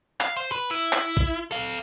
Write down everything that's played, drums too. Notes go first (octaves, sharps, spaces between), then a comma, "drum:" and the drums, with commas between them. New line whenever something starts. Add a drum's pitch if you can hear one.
F5, drum: clap
C5
B4
E4
drum: clap
drum: kick
A4 F5